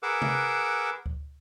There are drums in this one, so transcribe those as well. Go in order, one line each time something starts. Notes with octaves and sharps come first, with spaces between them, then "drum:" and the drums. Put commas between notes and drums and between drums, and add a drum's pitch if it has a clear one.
G#4 A#4 B4 F#5 D6 E6
drum: tom C3
drum: kick D2